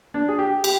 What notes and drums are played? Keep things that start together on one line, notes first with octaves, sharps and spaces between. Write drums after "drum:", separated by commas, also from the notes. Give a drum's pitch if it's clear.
D4
G#4
G4
G4, drum: cymbal